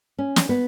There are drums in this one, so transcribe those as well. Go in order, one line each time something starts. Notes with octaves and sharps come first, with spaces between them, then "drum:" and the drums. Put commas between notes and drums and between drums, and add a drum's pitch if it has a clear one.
C#4
drum: snare
B3